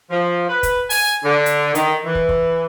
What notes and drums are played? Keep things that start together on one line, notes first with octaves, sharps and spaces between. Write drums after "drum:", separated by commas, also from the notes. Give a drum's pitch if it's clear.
F3
B4
drum: kick, hi-hat
G#5, drum: open hi-hat
D3
drum: hi-hat
D#3, drum: hi-hat
E3
drum: kick
drum: kick